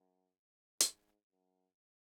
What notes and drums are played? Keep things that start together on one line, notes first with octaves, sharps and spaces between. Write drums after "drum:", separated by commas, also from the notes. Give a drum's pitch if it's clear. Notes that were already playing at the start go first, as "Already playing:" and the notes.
Already playing: F#2
G#2, drum: hi-hat
F#2